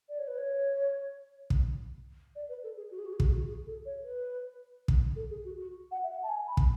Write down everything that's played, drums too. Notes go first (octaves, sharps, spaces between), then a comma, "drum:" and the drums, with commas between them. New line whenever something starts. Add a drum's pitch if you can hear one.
D5
C#5
B4
C#5
drum: kick
D5
B4
A4
G#4
F#4
G#4
F#4
G#4
F#4, drum: kick
G#4
F#4
G#4
A4
C#5
B4
drum: kick
A4
G#4
F#4
F#4
F#5
E5
F#5
A5
G#5
B5
drum: kick